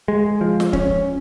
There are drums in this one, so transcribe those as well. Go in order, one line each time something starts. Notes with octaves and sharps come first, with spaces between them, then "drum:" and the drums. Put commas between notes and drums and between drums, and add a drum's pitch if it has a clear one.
G#3
F3
drum: snare
C#4, drum: kick